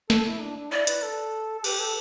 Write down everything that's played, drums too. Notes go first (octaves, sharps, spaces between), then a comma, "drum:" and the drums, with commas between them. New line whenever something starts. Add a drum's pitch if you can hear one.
A4, drum: snare
E4
D4
D4
E4 D5
B4, drum: hi-hat
A4
A4
G4 B4, drum: cymbal
A4